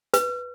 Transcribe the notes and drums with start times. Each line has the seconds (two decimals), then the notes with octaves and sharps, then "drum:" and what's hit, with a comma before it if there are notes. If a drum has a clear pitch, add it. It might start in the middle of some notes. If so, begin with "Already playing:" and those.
0.14 B4, drum: hi-hat